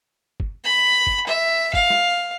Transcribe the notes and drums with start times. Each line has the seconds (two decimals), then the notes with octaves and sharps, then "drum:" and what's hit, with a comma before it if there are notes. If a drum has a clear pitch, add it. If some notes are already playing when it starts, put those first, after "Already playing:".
0.40 drum: kick G1
0.65 B5
1.07 drum: kick G1
1.27 E5
1.74 F5, drum: kick G1
1.90 drum: snare